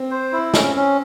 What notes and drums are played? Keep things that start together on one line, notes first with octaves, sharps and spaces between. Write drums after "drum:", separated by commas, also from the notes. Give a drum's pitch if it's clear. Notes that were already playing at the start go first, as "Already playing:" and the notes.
Already playing: C4
C5
E4
C#4, drum: snare
C#4